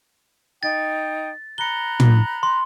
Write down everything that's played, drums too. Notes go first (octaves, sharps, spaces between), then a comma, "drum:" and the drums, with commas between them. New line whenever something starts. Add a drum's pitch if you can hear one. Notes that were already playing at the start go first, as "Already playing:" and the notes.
D#4 G5 A6
A#5 B5 F#6 C#7 G7
drum: tom
C6